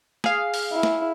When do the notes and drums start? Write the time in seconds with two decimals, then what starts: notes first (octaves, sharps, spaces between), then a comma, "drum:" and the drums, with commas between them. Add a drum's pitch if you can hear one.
0.24 G#4 F5, drum: snare
0.54 drum: open hi-hat
0.72 E4
0.83 drum: snare